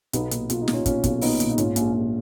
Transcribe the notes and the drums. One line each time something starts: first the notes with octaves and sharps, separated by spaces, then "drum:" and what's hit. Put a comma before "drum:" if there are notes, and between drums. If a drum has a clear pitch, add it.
B1 B3 D#4, drum: hi-hat
A#2, drum: hi-hat
B1 F4, drum: hi-hat
D#4
A#2, drum: snare
C#4 F4
A#2 C#4 F4, drum: kick, hi-hat
B1, drum: kick, hi-hat
A#2 B3 D#4, drum: open hi-hat
A#2, drum: hi-hat
D#4
G#2 C#4 F4, drum: hi-hat
A#1, drum: hi-hat
A#1